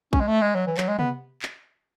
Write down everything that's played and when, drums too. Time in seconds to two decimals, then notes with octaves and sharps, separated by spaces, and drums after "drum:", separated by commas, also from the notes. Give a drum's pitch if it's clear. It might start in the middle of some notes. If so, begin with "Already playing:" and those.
0.13 C#4, drum: kick A#1
0.20 G#3
0.27 A3
0.42 G#3
0.55 F#3
0.67 E3
0.77 F#3, drum: clap
0.89 G#3
0.99 B3, drum: tom C3
1.42 drum: clap